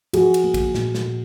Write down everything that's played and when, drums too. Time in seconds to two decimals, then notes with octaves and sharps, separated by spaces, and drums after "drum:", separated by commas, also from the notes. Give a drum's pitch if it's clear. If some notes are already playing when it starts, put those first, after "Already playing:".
0.13 F3 F#4 G#4, drum: cymbal
0.34 drum: cymbal
0.44 A#3
0.54 drum: kick A#1, cymbal
0.75 A#2, drum: snare
0.95 drum: snare
1.05 A#2